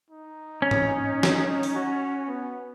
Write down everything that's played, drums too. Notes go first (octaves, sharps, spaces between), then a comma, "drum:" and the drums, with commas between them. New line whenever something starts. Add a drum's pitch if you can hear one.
D#4
C#4
drum: tom
drum: snare
drum: open hi-hat
F#4
B3